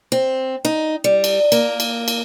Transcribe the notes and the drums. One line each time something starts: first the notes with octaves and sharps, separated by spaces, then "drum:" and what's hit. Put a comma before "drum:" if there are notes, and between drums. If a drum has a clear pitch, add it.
C4
D#4
G3
drum: cymbal
A#3, drum: cymbal
drum: cymbal
drum: cymbal